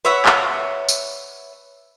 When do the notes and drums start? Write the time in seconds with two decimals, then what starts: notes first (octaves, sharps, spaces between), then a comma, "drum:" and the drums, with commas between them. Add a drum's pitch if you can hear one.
0.05 B4 C#5 E5 F#5
0.26 drum: clap
0.89 drum: tambourine